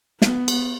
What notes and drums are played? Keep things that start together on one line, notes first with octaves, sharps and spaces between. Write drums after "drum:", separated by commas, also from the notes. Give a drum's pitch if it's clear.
B3, drum: snare
drum: cymbal